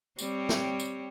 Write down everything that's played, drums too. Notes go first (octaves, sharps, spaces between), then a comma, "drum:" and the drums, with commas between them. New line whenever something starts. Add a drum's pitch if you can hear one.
G3 C4 C#5, drum: tambourine
drum: snare
drum: tambourine